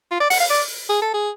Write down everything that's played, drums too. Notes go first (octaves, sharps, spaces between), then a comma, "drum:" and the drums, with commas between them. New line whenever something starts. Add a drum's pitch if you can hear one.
F4
D5
F#5, drum: open hi-hat
F5
D5
G#4
A4
G#4